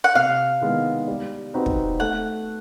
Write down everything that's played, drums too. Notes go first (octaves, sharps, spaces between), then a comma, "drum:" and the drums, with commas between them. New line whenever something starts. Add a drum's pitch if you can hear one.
F#5
C3 F5
D#3 G#3 B3 E4
G3
C4 D#4 F#4 B4
drum: kick
A3 F#5